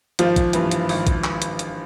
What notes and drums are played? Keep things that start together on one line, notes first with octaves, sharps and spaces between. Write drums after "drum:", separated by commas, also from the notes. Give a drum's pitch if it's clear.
G#1 F3 F4, drum: hi-hat
drum: kick A#1, hi-hat
G2 E3, drum: hi-hat
drum: hi-hat
G#1, drum: open hi-hat
drum: kick A#1, hi-hat
drum: clap
drum: hi-hat
drum: hi-hat